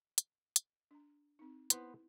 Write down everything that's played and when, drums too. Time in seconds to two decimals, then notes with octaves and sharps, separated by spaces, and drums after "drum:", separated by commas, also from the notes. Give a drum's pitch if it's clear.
0.18 drum: hi-hat
0.56 drum: hi-hat
0.91 D4 A#5
1.39 C4 D#4
1.70 B3 E4 B4 C5, drum: hi-hat